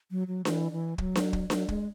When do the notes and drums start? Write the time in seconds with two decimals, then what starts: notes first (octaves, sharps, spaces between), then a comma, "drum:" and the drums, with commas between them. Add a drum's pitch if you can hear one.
0.11 F#3
0.28 F#3
0.45 E3, drum: snare D4
0.72 E3
0.98 F#3, drum: kick
1.15 drum: snare D4
1.33 drum: kick
1.50 F#3, drum: snare D4
1.68 G#3, drum: kick